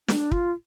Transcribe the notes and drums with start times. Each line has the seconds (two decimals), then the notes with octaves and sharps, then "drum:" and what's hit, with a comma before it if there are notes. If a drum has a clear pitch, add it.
0.08 D4, drum: snare
0.32 F4, drum: kick